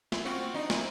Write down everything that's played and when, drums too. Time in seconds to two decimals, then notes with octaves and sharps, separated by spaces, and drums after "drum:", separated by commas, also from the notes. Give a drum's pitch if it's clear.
0.12 E4, drum: snare
0.25 C4 F4 F#4
0.54 D4 D#4
0.70 C4 E4, drum: snare